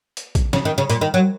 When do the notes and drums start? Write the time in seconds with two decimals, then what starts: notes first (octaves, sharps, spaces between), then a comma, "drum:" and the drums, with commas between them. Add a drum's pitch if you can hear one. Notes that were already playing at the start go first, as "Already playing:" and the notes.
0.17 drum: hi-hat
0.35 drum: kick, hi-hat
0.53 C#3, drum: snare
0.65 D#3
0.78 C#3
0.90 A#2, drum: hi-hat
1.01 D#3
1.14 F#3